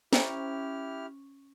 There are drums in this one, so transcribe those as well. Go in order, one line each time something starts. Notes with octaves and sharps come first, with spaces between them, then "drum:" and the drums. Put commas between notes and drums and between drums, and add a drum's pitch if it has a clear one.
C#4 E4 G4 C5 G5 A#5 F6, drum: snare